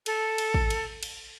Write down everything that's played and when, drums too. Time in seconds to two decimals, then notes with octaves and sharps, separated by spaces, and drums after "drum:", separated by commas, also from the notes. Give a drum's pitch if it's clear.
0.06 A4, drum: cymbal
0.38 drum: cymbal
0.54 drum: kick
0.70 drum: cymbal
1.03 drum: cymbal